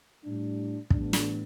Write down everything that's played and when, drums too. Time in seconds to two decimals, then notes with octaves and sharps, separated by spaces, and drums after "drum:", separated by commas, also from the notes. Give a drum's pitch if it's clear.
0.23 A2 G3 D4
0.90 A2 E3 G3 B3 D4, drum: kick
1.13 drum: snare